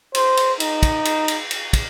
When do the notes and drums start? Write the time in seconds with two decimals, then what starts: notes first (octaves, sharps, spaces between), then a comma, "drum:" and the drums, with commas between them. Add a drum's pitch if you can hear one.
0.15 C5, drum: cymbal
0.37 drum: cymbal
0.60 D#4, drum: cymbal
0.83 drum: kick, cymbal
1.05 drum: cymbal
1.28 drum: cymbal
1.51 drum: cymbal
1.73 drum: kick, cymbal